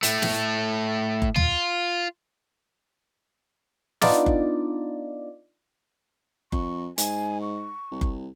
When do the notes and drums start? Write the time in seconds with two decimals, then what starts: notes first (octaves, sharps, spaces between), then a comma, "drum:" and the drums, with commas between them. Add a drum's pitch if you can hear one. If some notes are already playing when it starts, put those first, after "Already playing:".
0.03 A2 A3, drum: hi-hat
0.22 drum: snare
1.22 drum: kick F#1
1.36 F4, drum: tom
4.01 B3 D4 D#4 F4 D5, drum: snare
4.26 drum: kick F#1
6.52 F2 C#6, drum: kick F#1
6.98 G#2 G#5, drum: hi-hat
7.42 C#6
7.91 C2
8.01 drum: kick F#1